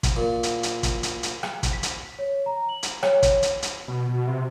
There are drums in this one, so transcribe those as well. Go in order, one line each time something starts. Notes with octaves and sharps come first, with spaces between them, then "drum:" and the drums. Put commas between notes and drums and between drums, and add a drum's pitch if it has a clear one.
drum: kick, hi-hat
A#2
drum: hi-hat
drum: hi-hat
drum: kick, hi-hat
drum: hi-hat
drum: hi-hat
drum: rim click
drum: kick, hi-hat
B6
drum: hi-hat
C#5
A#5
F#7
drum: hi-hat
C#5, drum: rim click
drum: kick, hi-hat
drum: hi-hat
drum: hi-hat
B2
B2
C3